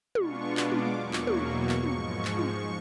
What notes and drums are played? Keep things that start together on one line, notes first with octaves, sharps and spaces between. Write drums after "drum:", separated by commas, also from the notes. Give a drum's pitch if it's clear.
B2 G#3 B3 D4 F4 C#6, drum: tom
D6, drum: clap
drum: tom
E2 B2 F#3 A#3 C#6
drum: clap
drum: tom
C#6
drum: clap
G#2 F3 G#3 C#6, drum: tom
drum: clap
drum: tom